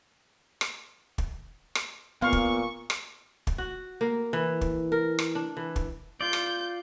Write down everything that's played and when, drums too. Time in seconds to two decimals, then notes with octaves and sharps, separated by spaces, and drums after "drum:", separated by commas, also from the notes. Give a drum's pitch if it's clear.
0.61 drum: rim click
1.18 drum: kick
1.75 drum: rim click
2.22 A#2 B3 F5 C#6
2.33 drum: kick
2.90 drum: rim click
3.47 drum: kick
3.58 F#4
4.01 A#3
4.33 E3
4.61 drum: kick
4.92 A#4
5.19 drum: rim click
5.35 D4
5.57 E3
5.76 drum: kick
6.21 F4 D5 G6
6.33 drum: rim click